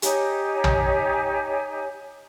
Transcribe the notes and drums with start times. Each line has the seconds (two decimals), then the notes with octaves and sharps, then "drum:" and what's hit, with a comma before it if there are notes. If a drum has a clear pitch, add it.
0.02 D#4 G4 C#5 G#5, drum: hi-hat
0.64 drum: tom